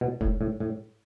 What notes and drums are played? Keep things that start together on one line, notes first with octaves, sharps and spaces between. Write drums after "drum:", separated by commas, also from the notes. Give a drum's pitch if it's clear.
B2
A2, drum: kick F1
A2
A2